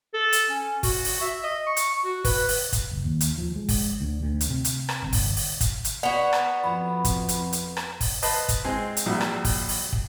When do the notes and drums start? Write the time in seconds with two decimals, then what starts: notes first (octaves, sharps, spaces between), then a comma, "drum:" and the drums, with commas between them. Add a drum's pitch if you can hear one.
0.14 A4
0.33 drum: hi-hat
0.49 C#4
0.83 F#4, drum: kick, open hi-hat
1.05 drum: open hi-hat
1.21 E5
1.44 D#5
1.67 C#6
1.77 drum: hi-hat
2.04 F#4
2.25 B4, drum: kick, open hi-hat
2.49 drum: open hi-hat
2.73 drum: kick, hi-hat
2.92 F#1
3.04 D#2
3.21 drum: hi-hat
3.38 F3
3.56 G#3
3.69 drum: kick, open hi-hat
4.01 D2
4.22 D2
4.41 drum: hi-hat
4.50 C3
4.65 drum: hi-hat
4.89 drum: rim click
5.02 G1
5.13 drum: kick, open hi-hat
5.37 drum: open hi-hat
5.61 drum: kick, hi-hat
5.85 drum: hi-hat
6.03 B3 F#4 D5 F#5 F7
6.33 drum: rim click
6.64 F2 B5
7.05 drum: kick, hi-hat
7.29 drum: hi-hat
7.53 drum: hi-hat
7.77 drum: rim click
8.01 drum: kick, open hi-hat
8.22 B4 C5 D#5 A5, drum: open hi-hat
8.49 drum: kick, hi-hat
8.64 G#3 C4 G#5
8.97 drum: hi-hat
9.06 A#1 F#3 G3 E5
9.21 drum: rim click
9.45 drum: kick, open hi-hat
9.69 drum: open hi-hat
9.93 drum: kick